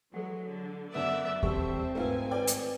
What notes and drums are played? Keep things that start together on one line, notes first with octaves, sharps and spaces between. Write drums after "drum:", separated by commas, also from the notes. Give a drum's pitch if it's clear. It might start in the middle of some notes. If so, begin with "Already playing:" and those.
E3 F#3 G#3 A4 F#5
D3
F#2 D3 B3 A#4 D5 E5 E6
G3 C4 A4 C5 E5 C#6, drum: kick D#2
G#1 A3 D#4 F4 A#4 B4 G#5
F4 B4 C#5 D5 G5
drum: hi-hat